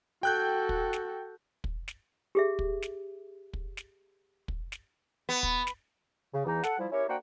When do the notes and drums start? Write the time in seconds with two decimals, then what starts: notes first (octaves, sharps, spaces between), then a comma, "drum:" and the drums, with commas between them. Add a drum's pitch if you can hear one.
0.23 F#4 A4 G5 F#6 G6
0.69 drum: kick
0.93 drum: snare
1.64 drum: kick
1.88 drum: snare
2.35 G4 G#4 E5
2.59 drum: kick
2.82 drum: snare
3.53 drum: kick
3.77 drum: snare
4.48 drum: kick
4.72 drum: snare
5.29 B3
5.43 drum: kick
5.67 drum: snare
6.33 C#3
6.45 E2 E3 D#4
6.63 A4 F#5, drum: snare
6.78 F3 G3 E4
6.91 C#4 E4 G4 A#4 C#5
7.08 A#3 D4 F#4 C5 F#5 G5